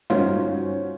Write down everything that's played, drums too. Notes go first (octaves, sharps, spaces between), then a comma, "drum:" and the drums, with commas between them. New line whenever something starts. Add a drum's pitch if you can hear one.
G2 C#4 D#4 F4 F#4 C5, drum: tom G3